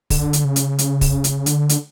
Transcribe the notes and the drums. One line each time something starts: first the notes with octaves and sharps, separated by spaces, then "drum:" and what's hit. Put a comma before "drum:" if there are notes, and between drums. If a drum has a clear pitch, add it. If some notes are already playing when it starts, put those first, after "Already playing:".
D3, drum: kick, open hi-hat
drum: hi-hat
C#3
drum: hi-hat
drum: hi-hat
drum: kick, open hi-hat
drum: hi-hat
D3, drum: hi-hat
drum: hi-hat